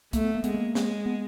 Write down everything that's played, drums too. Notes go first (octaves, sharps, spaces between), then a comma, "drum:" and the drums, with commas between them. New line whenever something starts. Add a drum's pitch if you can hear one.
A3 A#3, drum: kick, hi-hat
B3
A#3
G#3 B3, drum: hi-hat
A#3
G#3, drum: snare
B3